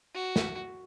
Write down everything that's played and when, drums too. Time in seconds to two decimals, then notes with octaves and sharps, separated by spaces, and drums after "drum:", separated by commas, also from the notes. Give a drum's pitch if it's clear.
0.15 F#4
0.36 drum: snare